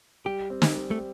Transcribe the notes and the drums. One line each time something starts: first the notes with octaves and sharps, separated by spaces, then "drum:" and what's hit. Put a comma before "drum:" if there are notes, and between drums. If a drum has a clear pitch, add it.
G3 G4
C4
drum: snare
G3
A3
G3